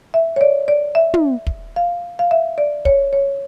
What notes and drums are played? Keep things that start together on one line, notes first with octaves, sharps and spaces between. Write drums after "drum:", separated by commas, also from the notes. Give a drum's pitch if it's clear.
E5
C#5
D5
D5
E5
drum: tom
drum: kick
F5
F5
E5
D5
C#5, drum: kick
C#5